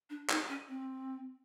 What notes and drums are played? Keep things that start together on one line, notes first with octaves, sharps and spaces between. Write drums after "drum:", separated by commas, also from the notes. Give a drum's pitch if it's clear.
D4
D#4, drum: clap
C#4
C4